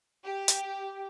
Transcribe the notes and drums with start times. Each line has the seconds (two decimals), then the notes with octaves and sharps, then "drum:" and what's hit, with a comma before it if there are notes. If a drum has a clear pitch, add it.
0.24 G4
0.48 drum: hi-hat